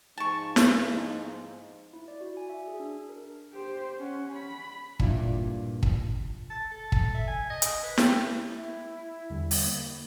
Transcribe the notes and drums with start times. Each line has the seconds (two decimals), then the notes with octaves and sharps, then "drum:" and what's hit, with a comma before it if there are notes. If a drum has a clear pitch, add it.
0.18 G#2 F3 D#4 A5 C#6
0.56 drum: snare
1.93 E4
2.08 D5
2.21 F#4
2.37 G#5
2.50 E5
2.68 G#4
2.80 D4
3.09 A#4
3.52 G4 C5
3.98 C#4 F#5
4.34 B5
5.00 G2 A#2 D4 E4 F4, drum: kick
5.83 drum: kick
6.50 A5
6.71 A4
6.92 drum: kick
7.14 E5
7.28 G#5
7.50 D#5
7.62 drum: hi-hat
7.83 B4
7.98 G4, drum: snare
8.50 E4
9.30 E2 D3 G3
9.51 drum: open hi-hat
9.66 A#3